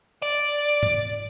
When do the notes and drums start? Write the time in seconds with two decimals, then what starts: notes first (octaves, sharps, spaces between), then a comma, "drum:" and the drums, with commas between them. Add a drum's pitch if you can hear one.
0.22 D5
0.83 drum: tom G#2